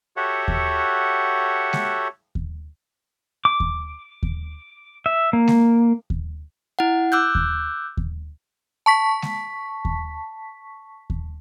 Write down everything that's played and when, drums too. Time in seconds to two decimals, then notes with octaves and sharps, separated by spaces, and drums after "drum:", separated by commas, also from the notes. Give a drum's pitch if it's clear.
0.17 F#4 G4 A4 C#5 E5 F#5
0.48 drum: kick D#2
1.73 drum: snare G#3
2.35 drum: kick D#2
3.45 D6
3.60 drum: kick D#2
4.23 drum: kick D#2
5.06 E5
5.33 A#3
5.48 drum: snare G#3
6.10 drum: kick D#2
6.79 E4 F#5
7.12 D6 E6 F#6 G6
7.35 drum: kick D#2
7.97 drum: kick D#2
8.86 A5 C#6 B6
9.22 drum: snare G#3
9.85 drum: kick D#2
11.10 drum: kick D#2